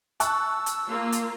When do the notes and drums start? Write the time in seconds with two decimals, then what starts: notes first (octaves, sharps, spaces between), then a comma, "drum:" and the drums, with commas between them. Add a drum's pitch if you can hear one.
0.20 A5 C#6 E6 F#6, drum: hi-hat
0.66 drum: hi-hat
0.90 A#3 F4
1.12 drum: hi-hat